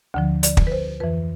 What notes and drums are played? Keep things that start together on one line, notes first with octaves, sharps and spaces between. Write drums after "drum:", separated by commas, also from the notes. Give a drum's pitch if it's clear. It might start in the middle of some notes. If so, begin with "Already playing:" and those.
D2 D3 F3
D5, drum: hi-hat
drum: kick
B4
C5
F2 E3 B4